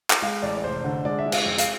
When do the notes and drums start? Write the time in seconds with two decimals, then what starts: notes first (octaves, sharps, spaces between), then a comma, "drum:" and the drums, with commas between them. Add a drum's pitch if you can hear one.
0.10 drum: clap
0.22 G#3 F5
0.42 A1 D5
0.57 D5
0.64 F1 C5
0.84 D3
1.05 G#3 D5
1.19 E5
1.26 G#3
1.32 F5, drum: cymbal
1.46 F2
1.58 F5, drum: hi-hat